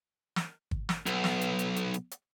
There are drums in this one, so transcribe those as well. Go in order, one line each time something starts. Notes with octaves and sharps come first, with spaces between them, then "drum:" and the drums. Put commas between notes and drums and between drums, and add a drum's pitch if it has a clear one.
drum: snare
drum: kick
drum: snare
B1, drum: hi-hat
drum: snare
drum: hi-hat
drum: hi-hat
drum: hi-hat
drum: hi-hat
drum: hi-hat